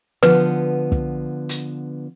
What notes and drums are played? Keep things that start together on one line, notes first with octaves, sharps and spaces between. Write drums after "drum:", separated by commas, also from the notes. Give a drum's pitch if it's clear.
D3 F3 B3 B4, drum: snare
drum: kick
drum: hi-hat